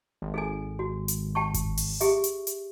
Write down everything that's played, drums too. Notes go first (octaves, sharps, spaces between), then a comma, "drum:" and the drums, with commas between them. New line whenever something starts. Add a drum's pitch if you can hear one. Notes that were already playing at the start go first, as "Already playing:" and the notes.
G#1
G#4 A4 G#5
F#4
drum: hi-hat
G5 A5 C#6
drum: kick G1, hi-hat
drum: open hi-hat
G4 G#4 E5, drum: hi-hat
drum: hi-hat
drum: hi-hat